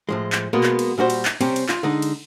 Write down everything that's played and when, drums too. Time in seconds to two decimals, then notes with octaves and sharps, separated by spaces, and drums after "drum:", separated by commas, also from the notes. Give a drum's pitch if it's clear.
0.09 A2 F3 G#3
0.33 drum: clap
0.53 B2 G#3 A#3 B3
0.63 drum: clap
0.79 drum: cymbal
0.98 A#2 G3 F#4 C5
1.10 drum: cymbal
1.25 drum: clap
1.41 C3 G3 C4 C#4, drum: cymbal
1.56 drum: cymbal
1.69 F4, drum: clap
1.83 D3 G#3 D#4
2.02 drum: cymbal